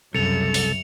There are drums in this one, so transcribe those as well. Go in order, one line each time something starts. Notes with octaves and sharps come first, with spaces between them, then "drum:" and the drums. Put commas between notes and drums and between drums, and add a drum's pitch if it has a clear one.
C2 F#2 C#3 A4 C#7 F7
drum: open hi-hat